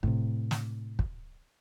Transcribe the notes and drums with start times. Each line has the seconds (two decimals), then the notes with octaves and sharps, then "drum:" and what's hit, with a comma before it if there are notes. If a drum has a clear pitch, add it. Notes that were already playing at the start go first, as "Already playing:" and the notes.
0.03 A2 C3, drum: kick
0.51 drum: snare
0.99 drum: kick